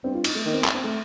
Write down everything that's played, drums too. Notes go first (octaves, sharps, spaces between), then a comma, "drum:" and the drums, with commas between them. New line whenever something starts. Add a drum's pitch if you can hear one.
G2 C4
F4
D#4, drum: cymbal
A3
D#3 A#3
C4
drum: clap
C4
A3